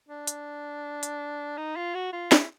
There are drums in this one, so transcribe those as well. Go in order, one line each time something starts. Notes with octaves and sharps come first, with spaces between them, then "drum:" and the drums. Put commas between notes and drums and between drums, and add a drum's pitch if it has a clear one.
D4
drum: hi-hat
drum: hi-hat
D#4
F4
F#4
F4
E4, drum: snare